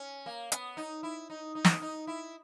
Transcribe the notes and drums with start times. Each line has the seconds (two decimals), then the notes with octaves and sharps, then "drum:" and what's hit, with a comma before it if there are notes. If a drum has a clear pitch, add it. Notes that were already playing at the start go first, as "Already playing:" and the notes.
Already playing: C#4
0.26 A#3
0.52 B3, drum: hi-hat
0.77 D#4
1.03 E4
1.30 D#4
1.55 D#4
1.65 drum: snare
1.82 D#4
2.07 E4